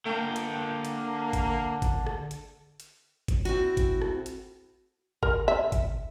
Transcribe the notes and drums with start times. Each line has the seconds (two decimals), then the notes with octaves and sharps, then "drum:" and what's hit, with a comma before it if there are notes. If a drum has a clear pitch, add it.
0.06 D3 A#3 G5
0.36 drum: hi-hat
0.85 drum: hi-hat
1.33 drum: kick G1, hi-hat
1.82 drum: kick G1, hi-hat
2.06 drum: rim click
2.31 drum: hi-hat
2.80 drum: hi-hat
3.28 drum: kick G1, hi-hat
3.45 C4 E4 F#4
3.77 drum: kick G1, hi-hat
4.02 drum: rim click
4.26 drum: hi-hat
5.23 A#4, drum: kick G1
5.48 E5
5.72 drum: kick G1, hi-hat